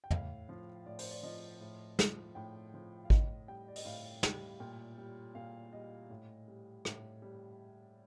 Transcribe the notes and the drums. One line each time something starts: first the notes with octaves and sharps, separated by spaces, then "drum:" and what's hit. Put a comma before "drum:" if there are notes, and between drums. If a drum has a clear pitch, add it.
G5
A2 F5, drum: tom
F3
A2 D5
C5, drum: open hi-hat
D5
F3 D#5
A2
F3, drum: snare
A2 G5
F3
F5
A2 D#5, drum: kick G#1
G3 G5
D5
D#5, drum: open hi-hat
A2 F5
G3, drum: snare
A#2 G5
G3
A#2 F5
G3 D#5
A2
G3
A2, drum: rim click
G3